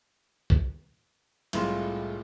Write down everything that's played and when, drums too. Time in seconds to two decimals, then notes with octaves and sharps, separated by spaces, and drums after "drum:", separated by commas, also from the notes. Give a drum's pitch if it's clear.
0.50 drum: kick
1.53 C2 A2 G#3 F4 C6, drum: cymbal